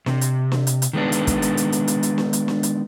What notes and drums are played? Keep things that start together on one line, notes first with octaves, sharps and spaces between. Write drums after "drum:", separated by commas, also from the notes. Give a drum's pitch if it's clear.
C3, drum: snare
drum: hi-hat
drum: snare
drum: hi-hat
drum: hi-hat
D#3 G#3 B3 D4
drum: hi-hat
drum: kick, hi-hat
drum: hi-hat
drum: hi-hat
drum: hi-hat
drum: hi-hat
drum: hi-hat
drum: snare
drum: hi-hat
drum: snare
drum: hi-hat